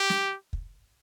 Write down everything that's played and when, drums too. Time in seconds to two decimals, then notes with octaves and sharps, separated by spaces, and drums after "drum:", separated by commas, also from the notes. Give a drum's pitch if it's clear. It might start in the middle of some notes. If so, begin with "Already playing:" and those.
Already playing: G4
0.09 drum: snare
0.53 drum: kick